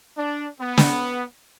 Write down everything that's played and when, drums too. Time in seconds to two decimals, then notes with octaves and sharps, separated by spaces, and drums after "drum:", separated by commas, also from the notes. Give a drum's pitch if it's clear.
0.16 D4
0.60 B3
0.78 drum: snare